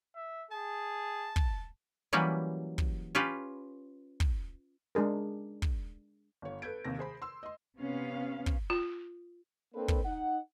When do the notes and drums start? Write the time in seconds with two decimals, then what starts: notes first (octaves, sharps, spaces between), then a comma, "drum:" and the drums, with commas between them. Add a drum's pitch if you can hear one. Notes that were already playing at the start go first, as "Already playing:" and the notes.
0.16 E5
0.51 G#4 A5
1.36 drum: kick
2.13 E3 F#3 G3 A#3 C#4 B4
2.78 drum: kick
3.15 C#4 F4 G4 B4
4.20 drum: kick
4.95 G#3 D4 G#4 A#4
5.62 drum: kick
6.42 G1 C#5
6.62 A4 B4 G6 G#6 D7
6.84 D#2 C3 A#6
6.99 G#4 C5 B5
7.22 C6 E6
7.43 D#5 C6
7.77 C3 B3 C#4 F5
8.46 drum: kick
8.70 F4
9.74 A#3 C4 D4 A4 B4
9.88 drum: kick
10.04 D#4 F#5